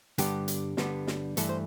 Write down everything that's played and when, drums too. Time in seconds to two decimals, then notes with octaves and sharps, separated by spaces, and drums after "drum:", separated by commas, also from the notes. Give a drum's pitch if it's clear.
0.18 G2 D3 G3 B3 G4, drum: hi-hat
0.48 drum: hi-hat
0.77 G2 D3 G3 B3, drum: snare
1.07 drum: snare
1.37 G2 E3 A3 A4, drum: hi-hat
1.49 C5